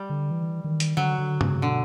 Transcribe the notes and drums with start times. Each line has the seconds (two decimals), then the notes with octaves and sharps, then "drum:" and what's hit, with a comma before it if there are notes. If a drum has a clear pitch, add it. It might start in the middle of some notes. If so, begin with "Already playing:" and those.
Already playing: G3
0.10 D3
0.31 E3
0.64 D#3
0.80 drum: hi-hat
0.97 D3 F#3
1.18 D3
1.41 C#3, drum: tom
1.62 B2 D3